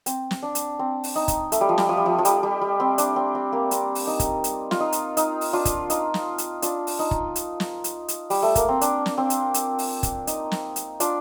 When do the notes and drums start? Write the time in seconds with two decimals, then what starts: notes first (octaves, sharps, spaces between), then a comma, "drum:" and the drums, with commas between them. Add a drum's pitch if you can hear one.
0.06 C4, drum: hi-hat
0.31 drum: snare
0.43 D4
0.55 drum: hi-hat
0.79 C4
1.04 drum: open hi-hat
1.16 D#4
1.28 drum: kick, hi-hat
1.52 A3, drum: hi-hat
1.61 G3
1.69 F3
1.78 G3, drum: snare
1.89 F3
1.97 G3
2.06 F3
2.18 F3
2.25 G3, drum: hi-hat
2.43 G3
2.61 G3
2.80 C4
2.98 D4, drum: hi-hat
3.16 C4
3.35 C4
3.53 A#3
3.71 C4, drum: hi-hat
3.95 drum: open hi-hat
4.07 D#4
4.20 drum: kick, hi-hat
4.44 drum: hi-hat
4.71 F4, drum: snare
4.80 D#4
4.92 drum: hi-hat
5.17 D#4, drum: hi-hat
5.41 drum: open hi-hat
5.53 D4 F4
5.65 drum: kick, hi-hat
5.90 D#4, drum: hi-hat
6.14 drum: snare
6.38 drum: hi-hat
6.62 D4 F4, drum: hi-hat
6.87 drum: open hi-hat
6.99 D#4
7.11 drum: kick
7.36 drum: hi-hat
7.60 drum: snare
7.84 drum: hi-hat
8.08 drum: hi-hat
8.30 G3, drum: open hi-hat
8.43 A3
8.55 A#3, drum: kick, hi-hat
8.68 C4
8.81 D4, drum: hi-hat
9.06 drum: snare
9.18 C4
9.30 drum: hi-hat
9.54 drum: hi-hat
9.79 drum: open hi-hat
10.03 drum: kick, hi-hat
10.27 D#4, drum: hi-hat
10.51 drum: snare
10.76 drum: hi-hat
11.00 D4 F4, drum: hi-hat